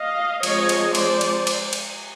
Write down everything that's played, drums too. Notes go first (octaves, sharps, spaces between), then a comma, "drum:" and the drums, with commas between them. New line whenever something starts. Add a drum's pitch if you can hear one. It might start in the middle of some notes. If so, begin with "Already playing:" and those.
Already playing: D#5 F5
F3 G#3 C4 C#5 D#5, drum: cymbal
drum: cymbal
C5 D5, drum: cymbal
drum: cymbal
drum: cymbal
drum: cymbal